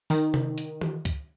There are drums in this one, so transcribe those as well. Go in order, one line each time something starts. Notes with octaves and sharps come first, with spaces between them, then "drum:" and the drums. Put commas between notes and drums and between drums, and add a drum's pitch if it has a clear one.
D#3, drum: open hi-hat
drum: tom C3
drum: hi-hat
drum: tom D#3
drum: kick C#2, hi-hat